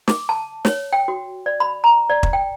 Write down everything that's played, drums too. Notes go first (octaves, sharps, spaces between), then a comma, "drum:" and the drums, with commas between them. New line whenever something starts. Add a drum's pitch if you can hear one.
D6, drum: snare
A5
C#5, drum: snare
G5
F#4
D5
B5
A#5
D5
drum: kick
G5